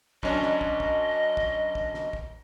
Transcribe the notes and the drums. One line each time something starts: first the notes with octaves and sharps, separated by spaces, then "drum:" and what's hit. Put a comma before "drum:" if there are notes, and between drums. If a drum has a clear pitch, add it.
F#2 C#4 D4 D#5, drum: kick
drum: snare
drum: kick
drum: kick
drum: kick
drum: kick
drum: snare
drum: kick